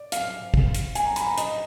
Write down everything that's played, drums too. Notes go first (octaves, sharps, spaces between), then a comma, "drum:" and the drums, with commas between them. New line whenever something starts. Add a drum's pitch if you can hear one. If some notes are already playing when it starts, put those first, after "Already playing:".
Already playing: D5
F5, drum: hi-hat
drum: kick
drum: hi-hat
G#5, drum: hi-hat
A#5
B5, drum: hi-hat
A#5
D#5, drum: hi-hat